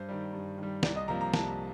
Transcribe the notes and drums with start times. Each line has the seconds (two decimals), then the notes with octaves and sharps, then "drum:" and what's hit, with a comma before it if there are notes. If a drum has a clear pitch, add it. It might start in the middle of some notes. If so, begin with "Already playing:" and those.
Already playing: G2 C5
0.09 D#3 G3
0.33 G2
0.58 D#3 G3
0.83 C2 D5, drum: snare
0.96 D#5
1.08 C3 F3 A#3 A#5
1.21 A#5
1.34 C2 A5, drum: snare